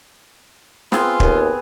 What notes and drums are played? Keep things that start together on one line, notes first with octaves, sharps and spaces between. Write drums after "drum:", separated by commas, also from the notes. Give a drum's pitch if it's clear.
B3 C4 F4 G#4, drum: snare
D#2, drum: kick